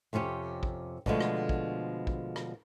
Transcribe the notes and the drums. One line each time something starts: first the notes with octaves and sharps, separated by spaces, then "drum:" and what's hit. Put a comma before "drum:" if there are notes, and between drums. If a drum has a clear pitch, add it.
F2 C3 C#4 E4 G4
drum: kick
B2 D3 F3 G#3 A3, drum: kick
drum: rim click
drum: kick
drum: kick
drum: rim click